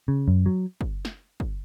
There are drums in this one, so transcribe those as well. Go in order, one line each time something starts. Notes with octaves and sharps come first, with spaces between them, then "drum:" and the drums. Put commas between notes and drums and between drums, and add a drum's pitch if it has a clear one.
C#3
F#2
F#3
drum: kick
drum: snare
drum: kick